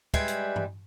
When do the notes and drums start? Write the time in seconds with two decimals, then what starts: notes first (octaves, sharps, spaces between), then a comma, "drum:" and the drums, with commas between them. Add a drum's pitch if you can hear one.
0.14 G3 G#3 G#4 B4 E5 G5, drum: kick
0.28 drum: hi-hat
0.56 drum: tom G2